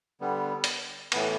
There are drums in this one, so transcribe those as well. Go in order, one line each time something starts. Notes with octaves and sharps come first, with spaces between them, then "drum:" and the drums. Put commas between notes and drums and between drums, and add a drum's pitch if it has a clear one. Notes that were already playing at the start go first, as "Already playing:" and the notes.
D3 G3 B3
drum: hi-hat
A2 E3 B3, drum: cymbal